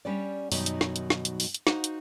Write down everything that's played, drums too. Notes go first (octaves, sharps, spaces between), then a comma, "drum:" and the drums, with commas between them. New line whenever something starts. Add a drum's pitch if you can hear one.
G3 C#4 D4 D5
F#2 B2 D#3 F#3 G3 D#4, drum: open hi-hat
drum: hi-hat
drum: snare
drum: hi-hat
drum: snare
drum: hi-hat
drum: open hi-hat
drum: hi-hat
D#4 F#4 C5 F5 F#5, drum: snare
drum: hi-hat